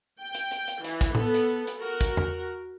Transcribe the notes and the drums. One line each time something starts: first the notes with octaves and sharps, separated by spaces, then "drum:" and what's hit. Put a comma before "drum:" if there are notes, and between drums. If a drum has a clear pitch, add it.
G5
drum: hi-hat
drum: hi-hat
drum: hi-hat
E3, drum: hi-hat
drum: kick, hi-hat
B3 A4, drum: tom A2
drum: hi-hat
drum: hi-hat
F#4 A#4
drum: kick, hi-hat
drum: tom